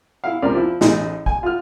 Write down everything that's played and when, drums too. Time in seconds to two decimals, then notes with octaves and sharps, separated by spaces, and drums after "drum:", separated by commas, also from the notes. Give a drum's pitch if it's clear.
0.24 E4 F5
0.42 C#2 C3 A#4 D5 F6
0.54 F3 E4
0.81 A1 A2 D#4 G#4, drum: snare
1.26 G#5, drum: kick
1.43 F4 F6